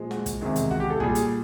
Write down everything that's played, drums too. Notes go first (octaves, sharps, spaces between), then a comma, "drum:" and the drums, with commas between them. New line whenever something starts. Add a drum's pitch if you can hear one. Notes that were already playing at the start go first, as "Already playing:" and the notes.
Already playing: A#2 F3 G#3
F#4, drum: snare
drum: kick, hi-hat
E2 C3 D#3 G#3
drum: hi-hat
F#4, drum: kick
G4
A4
A#2 G3 G#4, drum: kick
drum: hi-hat